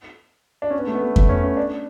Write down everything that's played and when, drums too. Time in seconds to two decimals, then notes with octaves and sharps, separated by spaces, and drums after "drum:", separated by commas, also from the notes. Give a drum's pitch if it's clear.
0.62 D4
0.70 C#4
0.79 B3
0.87 A3
0.95 B3
1.02 A3
1.16 A3, drum: kick F2
1.29 C#4
1.43 C#4
1.57 D4